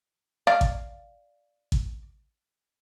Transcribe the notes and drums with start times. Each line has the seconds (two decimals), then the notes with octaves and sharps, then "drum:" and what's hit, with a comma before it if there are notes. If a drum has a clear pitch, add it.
0.47 D5 F5
0.61 drum: kick A1
1.72 drum: kick A1